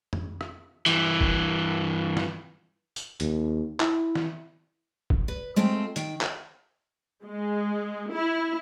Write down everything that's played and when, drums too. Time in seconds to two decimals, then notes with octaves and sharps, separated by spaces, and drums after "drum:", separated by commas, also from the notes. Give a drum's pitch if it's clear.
0.13 drum: tom
0.41 drum: rim click
0.86 G2 E3, drum: hi-hat
1.21 drum: kick
2.17 drum: snare
2.96 drum: tambourine
3.20 D#2, drum: hi-hat
3.80 E4, drum: clap
4.15 drum: snare
5.10 drum: kick
5.28 B4
5.56 G#3 A3 C4 F4 C5 G5
5.96 D#3 G5, drum: hi-hat
6.21 drum: clap
7.23 G#3
8.10 E4